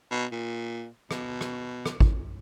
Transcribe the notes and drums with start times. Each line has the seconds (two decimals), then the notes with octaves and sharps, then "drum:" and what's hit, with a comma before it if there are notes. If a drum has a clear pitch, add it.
0.11 B2
0.32 A#2
1.11 B2, drum: rim click
1.41 drum: rim click
1.86 drum: rim click
2.00 drum: kick G#1